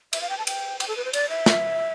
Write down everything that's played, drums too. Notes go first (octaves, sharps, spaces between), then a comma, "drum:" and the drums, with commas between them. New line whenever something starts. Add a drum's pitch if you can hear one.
E5, drum: cymbal
F5
G5
A5
G5, drum: cymbal
G5, drum: cymbal
A4
B4
C5
D5, drum: cymbal
E5
drum: snare